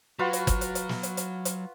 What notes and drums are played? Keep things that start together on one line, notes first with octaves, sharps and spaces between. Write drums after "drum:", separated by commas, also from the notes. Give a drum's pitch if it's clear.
F#3 F4 F#4 B4
drum: hi-hat
drum: kick, hi-hat
drum: hi-hat
drum: hi-hat
drum: snare
drum: hi-hat
drum: hi-hat
drum: hi-hat